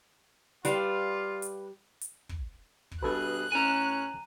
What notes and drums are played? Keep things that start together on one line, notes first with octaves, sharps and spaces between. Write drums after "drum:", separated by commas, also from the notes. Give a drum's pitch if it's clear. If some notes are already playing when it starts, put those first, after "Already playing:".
G3 F4 G4 B4 F5, drum: hi-hat
drum: hi-hat
drum: hi-hat
drum: kick
drum: kick
G2 B2 G#4 A4 B4 F#6
A2 C#4 G#5 A#5